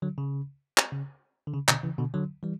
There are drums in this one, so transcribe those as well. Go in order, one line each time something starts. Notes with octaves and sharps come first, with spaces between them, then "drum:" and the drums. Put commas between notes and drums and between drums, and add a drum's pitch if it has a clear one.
D3 F#3
C#3
drum: clap
C#3
D3
C#3
B2 D3, drum: clap
C#3 E3
B2 D3
D3 F#3
E3 G3